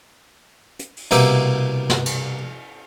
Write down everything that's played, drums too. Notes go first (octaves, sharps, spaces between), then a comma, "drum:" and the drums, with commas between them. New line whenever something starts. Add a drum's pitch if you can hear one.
drum: hi-hat
drum: open hi-hat
C2 B2 A#3 E5 D6, drum: cymbal
drum: snare
drum: cymbal